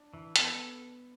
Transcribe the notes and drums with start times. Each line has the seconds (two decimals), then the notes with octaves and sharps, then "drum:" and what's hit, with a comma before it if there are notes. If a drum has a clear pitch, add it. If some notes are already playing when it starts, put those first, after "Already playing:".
Already playing: D4
0.14 E3
0.36 B3 A4, drum: hi-hat